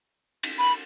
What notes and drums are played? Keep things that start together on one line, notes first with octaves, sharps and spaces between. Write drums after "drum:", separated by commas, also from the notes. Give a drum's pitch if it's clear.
drum: cymbal
B5